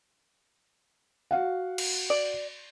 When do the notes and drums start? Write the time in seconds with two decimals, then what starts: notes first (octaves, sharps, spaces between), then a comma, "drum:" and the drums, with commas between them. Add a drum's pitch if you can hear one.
1.31 F#4 F5 F#5
1.78 drum: cymbal
2.10 D5